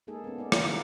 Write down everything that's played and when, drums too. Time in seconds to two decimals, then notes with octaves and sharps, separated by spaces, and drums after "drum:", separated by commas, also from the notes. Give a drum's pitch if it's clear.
0.07 G#3 A#3 D#4 G#4 A4
0.24 B3 C#4
0.38 D#4 D5
0.52 G3 A#4 B4 E5 F5, drum: rim click
0.65 D#3 G3 G#3 E4 F#4 B4